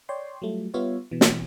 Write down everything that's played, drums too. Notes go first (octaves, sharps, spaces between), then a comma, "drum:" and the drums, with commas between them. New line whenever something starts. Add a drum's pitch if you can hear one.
C#5 D5 G5 C6
F#3 G3 A3 F4
G3 B3 F4 C#5 E5 F5
B2 E3
drum: snare